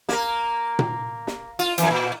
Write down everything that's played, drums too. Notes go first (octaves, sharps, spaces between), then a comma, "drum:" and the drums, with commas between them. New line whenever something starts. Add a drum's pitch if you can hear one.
A#3 A#4, drum: snare
drum: tom A#2
drum: snare
F4, drum: cymbal
F2 E3, drum: hi-hat
A#2